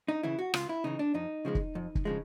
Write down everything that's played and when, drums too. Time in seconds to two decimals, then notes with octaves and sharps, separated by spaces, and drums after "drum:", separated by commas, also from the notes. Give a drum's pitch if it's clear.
0.08 D#4
0.23 C#3 E3 E4
0.39 F#4
0.54 C#2 F4, drum: rim click
0.69 E4
0.84 C#3 E3 D#4
0.99 D4
1.14 F2 D#4
1.45 C#3 F3 G#3
1.55 drum: kick
1.75 F2
1.95 drum: kick
2.05 C#3 F3 G#3